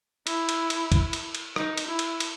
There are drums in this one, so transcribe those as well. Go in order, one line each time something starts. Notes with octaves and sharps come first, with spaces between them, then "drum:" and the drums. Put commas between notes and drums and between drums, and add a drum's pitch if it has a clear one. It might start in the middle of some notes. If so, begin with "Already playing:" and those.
E4, drum: cymbal
drum: cymbal
drum: cymbal
drum: kick, cymbal
drum: cymbal
drum: cymbal
D#4, drum: rim click
drum: cymbal
E4
drum: cymbal
drum: cymbal